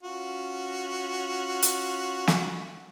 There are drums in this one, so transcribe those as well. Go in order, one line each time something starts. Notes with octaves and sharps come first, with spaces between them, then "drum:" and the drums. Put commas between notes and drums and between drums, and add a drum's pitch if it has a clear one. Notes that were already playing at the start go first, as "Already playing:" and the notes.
C#4 F4 F#4
drum: hi-hat
drum: snare